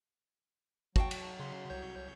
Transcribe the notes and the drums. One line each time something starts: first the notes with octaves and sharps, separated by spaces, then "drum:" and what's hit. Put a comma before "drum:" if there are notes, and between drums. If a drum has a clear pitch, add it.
F#3 F#4 F5 G5 A5 C#6, drum: kick
drum: cymbal
C#3 C6
C2 C#5 G6